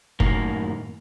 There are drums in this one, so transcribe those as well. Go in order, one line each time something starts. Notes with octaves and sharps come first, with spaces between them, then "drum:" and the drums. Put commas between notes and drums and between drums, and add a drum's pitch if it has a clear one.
F#2 A2 D#3 A#3, drum: kick